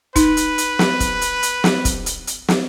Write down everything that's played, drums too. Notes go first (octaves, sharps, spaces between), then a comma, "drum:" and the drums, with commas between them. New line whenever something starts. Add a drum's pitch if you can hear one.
D#4 B4, drum: kick, hi-hat
drum: hi-hat
drum: hi-hat
drum: snare
drum: kick, hi-hat
drum: hi-hat
drum: hi-hat
drum: snare
drum: kick, hi-hat
drum: hi-hat
drum: hi-hat
drum: snare